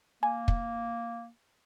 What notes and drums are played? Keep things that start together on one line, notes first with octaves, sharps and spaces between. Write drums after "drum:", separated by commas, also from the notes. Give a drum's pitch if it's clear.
A#3 G#5
drum: kick